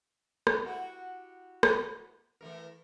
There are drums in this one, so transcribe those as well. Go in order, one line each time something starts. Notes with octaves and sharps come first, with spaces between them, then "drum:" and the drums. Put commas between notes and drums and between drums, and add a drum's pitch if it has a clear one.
drum: rim click
E4 F#4 G4
drum: rim click
E3 A3 A#4